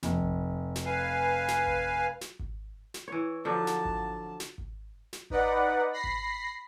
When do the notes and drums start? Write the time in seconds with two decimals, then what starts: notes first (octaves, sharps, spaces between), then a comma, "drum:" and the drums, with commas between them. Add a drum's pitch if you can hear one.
0.03 F1, drum: snare
0.21 drum: kick G#1
0.76 drum: snare
0.85 B4 F5 G#5
1.48 drum: snare
1.67 drum: kick G#1
2.21 drum: snare
2.39 drum: kick G#1
2.94 drum: snare
3.08 E3 C#5
3.45 D3 F3 F#3 A5
3.67 drum: snare
3.85 drum: kick G#1
4.40 drum: snare
4.58 drum: kick G#1
5.13 drum: snare
5.30 D#4 B4 D5 F#5, drum: kick G#1
5.93 B5 A#6 C7
6.04 drum: kick G#1